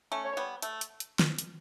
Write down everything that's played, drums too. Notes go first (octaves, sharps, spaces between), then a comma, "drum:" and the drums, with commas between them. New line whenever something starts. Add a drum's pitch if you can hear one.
A3 C#4
C#5
G3 B3
A3, drum: hi-hat
drum: hi-hat
drum: hi-hat
drum: snare
drum: hi-hat